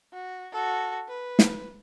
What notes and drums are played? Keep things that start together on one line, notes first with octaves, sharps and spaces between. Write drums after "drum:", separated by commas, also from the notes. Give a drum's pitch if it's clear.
F#4
F#4 A4
B4
drum: snare